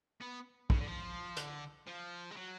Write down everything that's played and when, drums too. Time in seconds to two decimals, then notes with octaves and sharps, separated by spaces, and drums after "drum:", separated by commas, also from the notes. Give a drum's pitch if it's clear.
0.21 B3
0.70 C#3, drum: kick
0.78 D3
0.87 F3
1.37 D3, drum: hi-hat
1.87 F3
2.31 G#3
2.36 F#3